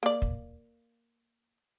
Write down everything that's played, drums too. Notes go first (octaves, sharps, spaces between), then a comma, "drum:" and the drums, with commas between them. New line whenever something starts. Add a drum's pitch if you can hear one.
A#3 D5
drum: kick